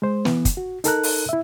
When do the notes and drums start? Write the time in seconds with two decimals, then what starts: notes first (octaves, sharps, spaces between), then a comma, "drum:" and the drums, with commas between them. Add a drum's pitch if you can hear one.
0.02 G#3 C5
0.25 E3 B3, drum: snare
0.45 drum: kick, hi-hat
0.57 F#4
0.84 D#4 A4 A#4 F#6, drum: hi-hat
1.03 drum: open hi-hat
1.29 E4 E5